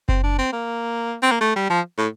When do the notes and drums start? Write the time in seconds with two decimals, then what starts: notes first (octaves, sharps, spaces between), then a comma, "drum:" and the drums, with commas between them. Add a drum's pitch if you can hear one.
0.09 C4, drum: kick F#1
0.24 D4
0.39 C4
0.53 A#3
1.23 C4
1.31 A#3
1.41 A3
1.56 G3
1.70 F3
1.98 A2